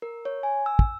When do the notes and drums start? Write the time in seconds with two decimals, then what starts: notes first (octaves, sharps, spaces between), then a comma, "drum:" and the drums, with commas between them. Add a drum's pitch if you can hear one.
0.02 A#4
0.25 C#5
0.43 G#5
0.66 E6
0.79 drum: kick